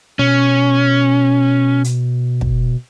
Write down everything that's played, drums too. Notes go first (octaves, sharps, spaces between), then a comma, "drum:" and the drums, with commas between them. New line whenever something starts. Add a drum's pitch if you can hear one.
B2 C#4
drum: hi-hat
drum: kick